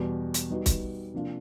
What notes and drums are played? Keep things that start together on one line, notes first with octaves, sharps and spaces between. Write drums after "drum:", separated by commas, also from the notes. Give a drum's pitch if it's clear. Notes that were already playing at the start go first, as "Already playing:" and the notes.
Already playing: E2 B2 G3
drum: hi-hat
G3 B3 D#4 F#4
drum: kick, hi-hat
C3 F3 A#3 D4 F4